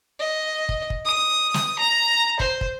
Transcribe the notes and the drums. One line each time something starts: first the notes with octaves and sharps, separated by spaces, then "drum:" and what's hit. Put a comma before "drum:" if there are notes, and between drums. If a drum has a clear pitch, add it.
D#5
drum: kick
drum: kick
D#6
drum: snare
A#5
C5, drum: kick
drum: kick